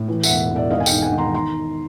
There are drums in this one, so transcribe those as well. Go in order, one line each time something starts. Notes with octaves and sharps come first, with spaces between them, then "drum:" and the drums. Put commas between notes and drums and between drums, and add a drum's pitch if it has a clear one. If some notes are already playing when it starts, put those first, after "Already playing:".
Already playing: A2
E3
E5 F#5, drum: tambourine
E1
E1
D5 E5
G#1 D#5 F5
G#5
F5 G5, drum: tambourine
G#2
F#5 G#5
D#3
A#5 C6
A#5 C6